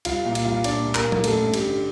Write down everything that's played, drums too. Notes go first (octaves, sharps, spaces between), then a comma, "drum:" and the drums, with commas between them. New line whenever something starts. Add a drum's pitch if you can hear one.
C2 F4 F5, drum: cymbal
A#2 F4 F5
drum: cymbal
C2 F4 F5
A#2 D4 D5, drum: cymbal
C2
A#3 A#4, drum: clap
A#2
A#4, drum: tom F#3
A1 A3 A4, drum: cymbal
G2
G3 G4, drum: cymbal
D3